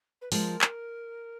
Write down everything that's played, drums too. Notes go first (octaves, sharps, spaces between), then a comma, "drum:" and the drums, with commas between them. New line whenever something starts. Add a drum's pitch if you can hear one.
B4
F3 G#3 A#4, drum: open hi-hat
drum: clap